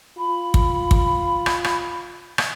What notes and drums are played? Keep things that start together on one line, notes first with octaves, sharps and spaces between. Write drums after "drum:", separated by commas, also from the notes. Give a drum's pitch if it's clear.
F4 B5
drum: kick
drum: kick
drum: rim click
drum: rim click
drum: rim click